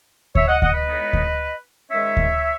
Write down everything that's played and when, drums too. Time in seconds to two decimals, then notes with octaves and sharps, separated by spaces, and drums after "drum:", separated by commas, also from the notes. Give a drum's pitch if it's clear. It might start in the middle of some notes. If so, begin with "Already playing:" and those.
0.35 C#5 E5, drum: kick D2
0.48 D#5 F#5
0.62 D#5 F#5, drum: kick D2
0.74 B4 D#5
0.88 A2 G#3 B3 D#4
1.13 drum: kick D2
1.91 G#2 D#3 G#3 C#4 C#5 E5
2.17 drum: kick D2